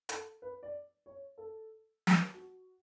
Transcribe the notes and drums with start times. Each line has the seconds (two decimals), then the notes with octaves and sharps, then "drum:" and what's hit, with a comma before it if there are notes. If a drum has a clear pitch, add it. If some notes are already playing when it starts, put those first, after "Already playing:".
0.09 A4, drum: hi-hat
0.42 B4
0.63 D5
1.06 C#5
1.38 A4
2.07 drum: snare
2.33 F#4